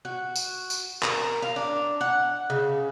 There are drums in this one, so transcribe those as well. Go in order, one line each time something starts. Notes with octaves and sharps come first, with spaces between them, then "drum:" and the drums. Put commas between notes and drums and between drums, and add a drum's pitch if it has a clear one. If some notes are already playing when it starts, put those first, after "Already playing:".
F#4
drum: tambourine
drum: tambourine
A#4, drum: clap
F5
D4
F#5
C#3